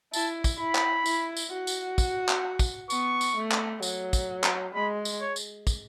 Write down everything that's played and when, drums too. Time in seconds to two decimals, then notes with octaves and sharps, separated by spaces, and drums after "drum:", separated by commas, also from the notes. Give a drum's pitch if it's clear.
0.13 E4 A5, drum: tambourine
0.44 drum: kick, tambourine
0.59 E4 B5
0.75 drum: clap
1.06 E4, drum: tambourine
1.36 drum: tambourine
1.52 F#4
1.67 drum: tambourine
1.98 drum: kick, tambourine
2.29 drum: clap
2.59 drum: kick, tambourine
2.90 B3 C#6, drum: tambourine
3.21 drum: tambourine
3.36 A3
3.52 drum: clap
3.82 F#3, drum: tambourine
4.13 drum: kick, tambourine
4.44 drum: clap
4.75 G#3 B5
5.05 drum: tambourine
5.21 C#5
5.36 drum: tambourine
5.67 drum: kick, tambourine